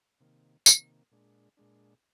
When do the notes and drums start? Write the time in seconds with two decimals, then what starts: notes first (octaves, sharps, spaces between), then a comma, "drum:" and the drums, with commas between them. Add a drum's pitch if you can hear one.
0.20 C3 D#3 A#3
0.66 C3 D#3 A#3, drum: tambourine
1.11 A#2 G#3 D4
1.57 A#2 G#3 D4